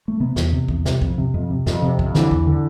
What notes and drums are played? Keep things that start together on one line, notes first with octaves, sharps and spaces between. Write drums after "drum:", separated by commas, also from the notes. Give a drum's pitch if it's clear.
A3
C3 B3
E2, drum: snare
C3
E2, drum: kick
C3, drum: snare
F2, drum: kick
C3
F2
C3
F2, drum: snare
C3
F2, drum: kick
D3 E3, drum: snare
E2, drum: kick
D3